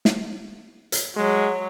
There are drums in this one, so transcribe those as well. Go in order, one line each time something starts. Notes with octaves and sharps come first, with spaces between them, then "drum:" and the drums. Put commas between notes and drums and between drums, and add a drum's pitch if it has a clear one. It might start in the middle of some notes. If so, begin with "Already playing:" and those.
drum: snare
drum: hi-hat
F#3 G#3